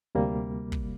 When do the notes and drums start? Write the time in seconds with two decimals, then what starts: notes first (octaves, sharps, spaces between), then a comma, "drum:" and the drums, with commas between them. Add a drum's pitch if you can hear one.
0.15 D2 C3 G3 A#3
0.72 drum: kick